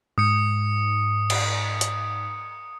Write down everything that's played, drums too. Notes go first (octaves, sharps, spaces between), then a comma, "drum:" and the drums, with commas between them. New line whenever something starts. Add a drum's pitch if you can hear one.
G#2 D#6 C#7
drum: cymbal
drum: hi-hat